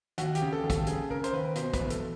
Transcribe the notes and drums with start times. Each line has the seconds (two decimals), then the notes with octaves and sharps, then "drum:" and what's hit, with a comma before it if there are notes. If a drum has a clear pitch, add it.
0.18 D#2 F#4, drum: hi-hat
0.35 G4, drum: hi-hat
0.42 C#3
0.53 A4
0.64 D#2
0.70 A4, drum: kick, hi-hat
0.87 C#3 G#4, drum: hi-hat
1.10 C#3 A#4
1.24 C5, drum: hi-hat
1.33 D#2 B4
1.55 B2 C5, drum: hi-hat
1.73 B4, drum: kick, hi-hat
1.79 E2
1.90 A4, drum: hi-hat